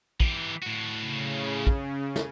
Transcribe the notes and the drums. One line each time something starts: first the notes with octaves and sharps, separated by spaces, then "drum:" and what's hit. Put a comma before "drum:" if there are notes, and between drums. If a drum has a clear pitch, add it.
E3 G4, drum: kick
A2 F#4
C#3
drum: kick
drum: snare